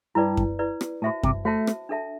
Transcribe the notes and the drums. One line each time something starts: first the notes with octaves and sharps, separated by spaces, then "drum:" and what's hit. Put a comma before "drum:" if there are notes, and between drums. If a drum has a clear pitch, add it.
G2 E4 B4 D5
drum: kick F#2
E4 B4 D5
drum: rim click
A2 F#4 C5 E5 A5
C3, drum: kick F#2
A3 F#4 C5 E5 A5
drum: rim click
D4 A4 E5 A5